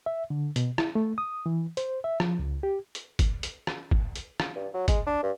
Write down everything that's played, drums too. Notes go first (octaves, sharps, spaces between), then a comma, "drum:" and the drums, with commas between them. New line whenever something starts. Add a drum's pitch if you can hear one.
E5
D3
B2, drum: hi-hat
E4, drum: rim click
A3
D#6
E3
C5, drum: hi-hat
E5
F3, drum: rim click
C#2
G4
drum: hi-hat
drum: kick G1, hi-hat
drum: hi-hat
drum: rim click
drum: kick G1
drum: hi-hat
drum: rim click
G2
F#3
G#3, drum: kick G1, hi-hat
D4
G2